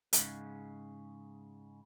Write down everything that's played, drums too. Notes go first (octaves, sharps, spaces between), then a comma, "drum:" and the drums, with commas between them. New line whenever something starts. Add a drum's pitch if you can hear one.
G#2 C#3, drum: hi-hat